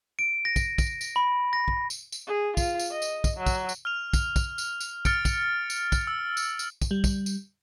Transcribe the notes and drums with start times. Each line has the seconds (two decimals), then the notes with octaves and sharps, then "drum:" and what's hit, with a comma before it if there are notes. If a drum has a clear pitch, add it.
0.19 D7
0.45 A#6
0.56 drum: kick, tambourine
0.78 drum: kick, tambourine
1.01 drum: tambourine
1.16 B5
1.53 A#6
1.68 drum: kick
1.90 drum: tambourine
2.12 drum: tambourine
2.27 G#4
2.57 F4, drum: kick, tambourine
2.79 drum: tambourine
2.91 D#5
3.02 drum: tambourine
3.24 drum: kick, tambourine
3.37 F#3
3.46 drum: kick, tambourine
3.69 drum: tambourine
3.85 F6 F7
4.13 drum: kick, tambourine
4.36 drum: kick, tambourine
4.58 drum: tambourine
4.80 drum: tambourine
5.05 F6 A6 C#7 D7, drum: kick, tambourine
5.25 drum: kick, tambourine
5.70 drum: tambourine
5.92 drum: kick, tambourine
6.07 E6
6.37 drum: tambourine
6.59 drum: tambourine
6.81 drum: kick, tambourine
6.91 G3
7.04 drum: kick, tambourine
7.26 drum: tambourine